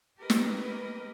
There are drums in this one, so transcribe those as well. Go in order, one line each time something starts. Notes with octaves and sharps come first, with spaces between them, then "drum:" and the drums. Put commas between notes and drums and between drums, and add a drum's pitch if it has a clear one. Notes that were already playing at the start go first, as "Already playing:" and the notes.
G4 A#4 B4 D#5
drum: snare